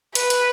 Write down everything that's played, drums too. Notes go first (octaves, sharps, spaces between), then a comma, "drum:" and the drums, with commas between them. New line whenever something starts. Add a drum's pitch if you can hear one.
B4, drum: hi-hat
drum: hi-hat